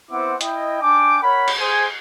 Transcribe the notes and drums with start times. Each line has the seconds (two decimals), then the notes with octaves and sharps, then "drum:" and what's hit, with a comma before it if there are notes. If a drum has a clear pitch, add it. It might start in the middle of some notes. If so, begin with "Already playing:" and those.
0.11 B3 C4 E4 C5 F#5 D6
0.41 E4 D#5 G5, drum: hi-hat
0.82 D4 G5 G#5 D6
1.23 A#4 C#5 F#5 B5
1.48 drum: cymbal
1.58 G#4 C5 G#5